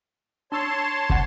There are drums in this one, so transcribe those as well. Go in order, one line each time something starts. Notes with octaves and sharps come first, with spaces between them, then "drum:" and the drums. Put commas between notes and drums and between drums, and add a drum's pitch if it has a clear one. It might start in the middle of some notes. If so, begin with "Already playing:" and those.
D4 C#5 A5 C6 E6
C4 F#5, drum: kick